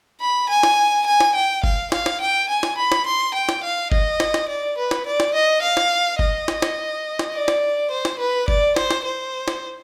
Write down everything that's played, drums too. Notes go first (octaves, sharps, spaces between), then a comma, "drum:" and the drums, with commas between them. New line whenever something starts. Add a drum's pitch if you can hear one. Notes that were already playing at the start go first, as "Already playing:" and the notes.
B5
G#5
drum: snare
G#5
drum: snare
G5
F5, drum: kick F#1
F5, drum: snare
drum: snare
G5
G#5
drum: snare
B5
drum: snare
C6
G5
drum: snare
F5
D#5, drum: kick F#1
drum: snare
drum: snare
D5
B4
drum: snare
D5
drum: snare
D#5
F5
drum: snare
D#5, drum: kick F#1
drum: snare
drum: snare
drum: snare
D5
drum: snare
C5
drum: snare
B4
D5, drum: kick F#1
C5, drum: snare
drum: snare
C5
drum: snare